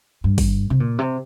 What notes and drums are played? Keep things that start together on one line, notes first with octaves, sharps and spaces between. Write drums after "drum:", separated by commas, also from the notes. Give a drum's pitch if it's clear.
G2
drum: kick, open hi-hat
C3
A#2
C3